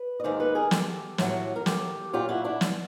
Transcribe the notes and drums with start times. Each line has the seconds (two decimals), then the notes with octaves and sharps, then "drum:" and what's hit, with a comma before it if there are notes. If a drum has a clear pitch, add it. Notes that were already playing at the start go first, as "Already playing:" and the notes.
Already playing: B4
0.20 D#5
0.24 D#2 D#3 G#3 C5 D5
0.40 A4 B4
0.55 G#4 A#4
0.71 G4 A4, drum: snare
1.18 A2 F#3, drum: snare
1.56 A#4
1.66 G4 A4, drum: snare
2.13 A#2 F#3 F4 G4
2.29 E4 F#4
2.44 D4 E4
2.61 drum: snare